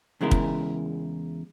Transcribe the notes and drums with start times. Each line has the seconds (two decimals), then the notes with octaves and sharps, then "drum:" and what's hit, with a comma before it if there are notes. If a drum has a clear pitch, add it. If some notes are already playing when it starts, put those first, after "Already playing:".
0.21 E2 C#3 G#3 E4 A#4
0.31 drum: kick